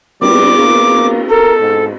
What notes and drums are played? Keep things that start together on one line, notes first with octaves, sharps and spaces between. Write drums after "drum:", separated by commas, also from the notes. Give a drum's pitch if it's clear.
G3 D6, drum: cymbal
A#3
A4 A#4
G#2